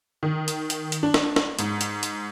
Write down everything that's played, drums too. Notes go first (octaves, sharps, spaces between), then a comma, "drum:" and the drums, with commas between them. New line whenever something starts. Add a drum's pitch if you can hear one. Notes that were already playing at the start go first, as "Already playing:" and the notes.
D#3
drum: hi-hat
drum: hi-hat
drum: hi-hat
D4
drum: snare
drum: snare
G#2, drum: hi-hat
drum: hi-hat
drum: hi-hat